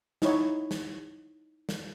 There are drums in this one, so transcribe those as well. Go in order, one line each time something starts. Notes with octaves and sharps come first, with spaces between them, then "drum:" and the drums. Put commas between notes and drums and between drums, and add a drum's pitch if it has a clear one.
D#4 E4 C#5, drum: snare
drum: snare
drum: snare